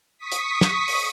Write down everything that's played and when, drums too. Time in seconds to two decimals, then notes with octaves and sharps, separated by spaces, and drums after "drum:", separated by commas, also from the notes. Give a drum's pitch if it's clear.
0.18 C#6 D#6 B6
0.32 drum: hi-hat
0.61 drum: snare
0.88 drum: open hi-hat